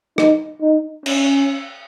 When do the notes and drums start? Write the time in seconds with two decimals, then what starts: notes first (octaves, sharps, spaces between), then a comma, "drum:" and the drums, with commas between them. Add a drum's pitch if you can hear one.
0.18 D#4, drum: rim click
0.62 D#4
1.06 C#4, drum: cymbal